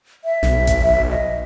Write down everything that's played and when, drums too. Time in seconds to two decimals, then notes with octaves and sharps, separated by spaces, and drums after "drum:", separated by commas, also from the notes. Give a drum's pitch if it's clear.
0.24 E5
0.43 B1, drum: snare
0.67 drum: kick G#1, hi-hat
1.10 D#5